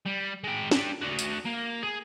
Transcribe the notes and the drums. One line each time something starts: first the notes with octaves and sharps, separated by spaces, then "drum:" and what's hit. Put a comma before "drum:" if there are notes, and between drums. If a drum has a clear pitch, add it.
G3
G#3 G5
D4 G4, drum: snare
D4 F#4
drum: tambourine
A#3
G#4